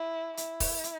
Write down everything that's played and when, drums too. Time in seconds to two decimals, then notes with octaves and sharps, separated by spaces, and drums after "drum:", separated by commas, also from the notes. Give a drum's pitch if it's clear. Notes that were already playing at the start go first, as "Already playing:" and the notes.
Already playing: E4
0.37 E4, drum: hi-hat
0.60 drum: kick E1, open hi-hat
0.84 drum: hi-hat